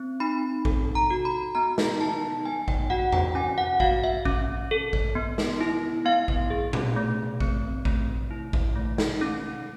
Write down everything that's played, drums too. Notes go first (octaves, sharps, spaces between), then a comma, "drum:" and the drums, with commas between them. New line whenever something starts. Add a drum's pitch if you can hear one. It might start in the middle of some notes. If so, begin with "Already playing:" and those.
Already playing: C4
D#4 B5
A4, drum: kick A1
A#5
F#4
B5
B3 A#5
drum: snare
D#4 A5
B3 G#5
G5, drum: kick A1
F#4 F#5
G5, drum: tom E2
C#4 G#5
F#5
F#4 F5, drum: kick A1
E5
C#4, drum: kick A1
A4
drum: kick A1
B3
drum: snare
E4
B3 F5
drum: kick A1
G#4
drum: tom A#2
A3
C4, drum: kick A1
A3, drum: kick A1
E4
drum: kick A1
A3
drum: snare
C#4